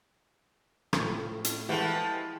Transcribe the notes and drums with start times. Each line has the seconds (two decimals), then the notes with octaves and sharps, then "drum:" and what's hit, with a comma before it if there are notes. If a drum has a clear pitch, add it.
0.93 A2 C#3 F3, drum: rim click
1.44 drum: hi-hat
1.69 E3 F3 G#3 A3 B3 G4